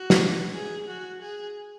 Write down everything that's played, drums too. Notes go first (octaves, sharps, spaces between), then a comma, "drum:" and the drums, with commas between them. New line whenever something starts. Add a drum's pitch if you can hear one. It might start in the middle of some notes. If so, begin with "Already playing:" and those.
Already playing: F#4
drum: snare
G#4
F#4
G#4